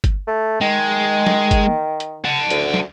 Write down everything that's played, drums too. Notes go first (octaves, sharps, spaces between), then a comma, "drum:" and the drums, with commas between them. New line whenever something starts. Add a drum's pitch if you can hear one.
drum: kick G1, hi-hat
A3
D#3 G#3
drum: snare
drum: kick G1, hi-hat
drum: hi-hat
F#5 A5
D2, drum: hi-hat
drum: snare